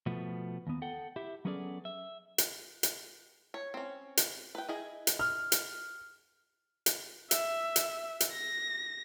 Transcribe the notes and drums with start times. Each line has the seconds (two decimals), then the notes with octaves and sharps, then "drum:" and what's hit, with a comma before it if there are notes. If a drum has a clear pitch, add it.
0.06 B2 F3 A3 B3
0.67 D#2 B3
0.82 A4 F#5 G5
1.16 E4 G4 E5
1.45 F#3 B3 C#4 G#4 A4 D5
1.85 E5
2.38 drum: hi-hat
2.83 drum: hi-hat
3.54 C#5
3.74 C4 C#4
4.17 drum: hi-hat
4.55 B4 G5
4.69 E4 G#4 D#5
5.07 drum: hi-hat
5.19 F6
5.52 drum: hi-hat
6.86 drum: hi-hat
7.31 E5, drum: hi-hat
7.76 drum: hi-hat
8.20 drum: hi-hat
8.33 A#6